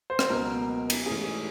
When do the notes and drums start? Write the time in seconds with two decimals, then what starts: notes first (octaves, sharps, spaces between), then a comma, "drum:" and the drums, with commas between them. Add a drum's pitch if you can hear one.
0.10 C5
0.19 drum: rim click
0.29 C#2 B2 F#3 A#3 A#4
0.90 drum: cymbal
1.06 G#2 E3 A3 C#4 G#4
1.21 G#4